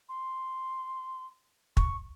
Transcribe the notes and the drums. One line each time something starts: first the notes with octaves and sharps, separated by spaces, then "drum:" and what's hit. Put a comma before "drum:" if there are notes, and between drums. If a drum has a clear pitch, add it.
C6
C#6, drum: kick